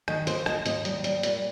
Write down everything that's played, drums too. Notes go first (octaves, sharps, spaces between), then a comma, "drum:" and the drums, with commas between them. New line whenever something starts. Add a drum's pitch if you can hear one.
D#3 D#5, drum: rim click
D#2 C5, drum: hi-hat
D#2 D#5, drum: rim click
D#2 D#5, drum: hi-hat
G3, drum: hi-hat
G3, drum: hi-hat
A#2, drum: hi-hat